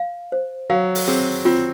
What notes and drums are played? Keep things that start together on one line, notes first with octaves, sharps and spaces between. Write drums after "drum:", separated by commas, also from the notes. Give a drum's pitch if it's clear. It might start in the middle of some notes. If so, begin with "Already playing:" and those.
Already playing: F5
C5
F#3 F5
drum: open hi-hat
C4 G#4
C4 F4